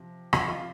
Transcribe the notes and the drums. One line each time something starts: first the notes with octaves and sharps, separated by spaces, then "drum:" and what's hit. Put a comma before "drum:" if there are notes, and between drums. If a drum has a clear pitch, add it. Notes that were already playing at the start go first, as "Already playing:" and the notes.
Already playing: C3 F3
C3 F3 F4, drum: rim click
F4